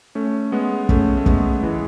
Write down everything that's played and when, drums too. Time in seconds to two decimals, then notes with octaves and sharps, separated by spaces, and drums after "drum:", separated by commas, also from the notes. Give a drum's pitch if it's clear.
0.15 A3 C#4
0.52 G#3 B3
0.89 A3 C#4, drum: kick
1.17 A3
1.26 G#3 B3, drum: kick
1.63 E3 G#3